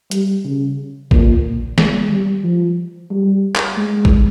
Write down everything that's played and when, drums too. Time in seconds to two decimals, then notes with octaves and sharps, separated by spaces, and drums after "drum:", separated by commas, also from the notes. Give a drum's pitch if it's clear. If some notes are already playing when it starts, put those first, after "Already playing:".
0.11 G3, drum: hi-hat
0.45 C#3
1.11 A#2, drum: kick
1.78 G#3, drum: snare
2.11 G3
2.44 F3
3.11 G3
3.55 drum: clap
3.77 G#3
4.05 drum: kick